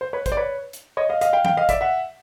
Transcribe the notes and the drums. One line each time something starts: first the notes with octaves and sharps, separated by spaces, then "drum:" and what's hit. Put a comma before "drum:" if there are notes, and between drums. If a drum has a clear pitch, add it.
C5
B4 C#5
C5, drum: kick, hi-hat
D5
B4 C#5
drum: hi-hat
C#5 D#5
D#5 F5
D#5 F5, drum: hi-hat
F5 G5
F5 G5, drum: tom E3
D#5 F5
D5 E5, drum: kick, hi-hat
E5 F#5